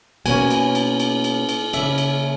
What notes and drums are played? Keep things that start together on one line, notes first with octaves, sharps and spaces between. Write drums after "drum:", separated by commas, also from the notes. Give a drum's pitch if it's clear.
B2 A#3 C#4 G#5, drum: cymbal
drum: cymbal
drum: cymbal
drum: cymbal
drum: cymbal
drum: cymbal
C#3 F#3 A#3 C#4 E5, drum: cymbal
drum: cymbal